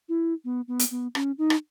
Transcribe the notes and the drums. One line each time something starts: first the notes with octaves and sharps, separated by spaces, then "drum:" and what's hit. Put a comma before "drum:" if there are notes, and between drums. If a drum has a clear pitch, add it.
E4
B3
B3
drum: hi-hat
B3
C#4, drum: rim click
D#4
drum: rim click